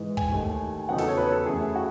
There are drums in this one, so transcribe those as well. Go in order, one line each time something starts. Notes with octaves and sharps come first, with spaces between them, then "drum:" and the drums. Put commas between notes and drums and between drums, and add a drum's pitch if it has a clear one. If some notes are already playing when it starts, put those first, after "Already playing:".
Already playing: G#2 E3 G#3
G#5, drum: kick
D#2 D#3 A3
E2 C#3 F#3 B3 D#4 F#5
A4, drum: snare
C#5
B4
A4
F#2 E3 A3 E4 G#4
F#4